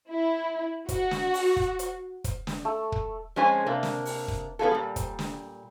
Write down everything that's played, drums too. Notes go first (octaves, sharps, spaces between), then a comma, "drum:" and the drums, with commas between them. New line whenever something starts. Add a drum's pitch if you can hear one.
E4
F#4, drum: kick, hi-hat
drum: snare
drum: open hi-hat
drum: kick
drum: hi-hat
drum: kick, hi-hat
drum: snare
A3
drum: kick
F2 G#3 C#4 C5 G#5
C3 A#3 D4
drum: snare
drum: open hi-hat
drum: kick
B3 C#4 D#4 F4 G#4 A4
A#2 G3
drum: kick, hi-hat
drum: snare